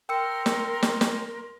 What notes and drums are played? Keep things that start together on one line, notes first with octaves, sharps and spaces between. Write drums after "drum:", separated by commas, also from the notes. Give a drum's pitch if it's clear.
A#4 G5 C6 E6 C#7
drum: snare
drum: snare
drum: snare